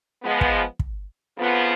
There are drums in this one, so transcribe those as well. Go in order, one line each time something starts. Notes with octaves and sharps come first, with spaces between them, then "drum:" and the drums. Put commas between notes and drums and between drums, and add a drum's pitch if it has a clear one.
F3 G#3 B3
drum: kick
drum: kick
F2 C#3 F3 B3 F4